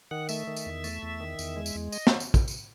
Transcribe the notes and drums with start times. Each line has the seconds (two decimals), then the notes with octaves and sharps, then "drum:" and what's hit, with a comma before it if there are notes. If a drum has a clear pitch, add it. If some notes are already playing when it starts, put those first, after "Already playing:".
0.11 D#3 F#5
0.29 A3 E5, drum: tambourine
0.47 D#3
0.56 drum: tambourine
0.66 E2
0.84 A3, drum: tambourine
1.03 E2
1.20 D#3
1.39 E2, drum: tambourine
1.56 G#3
1.66 drum: tambourine
1.75 E2
1.92 D#5, drum: tambourine
2.07 drum: snare
2.20 drum: tambourine
2.34 drum: kick, tambourine
2.48 drum: tambourine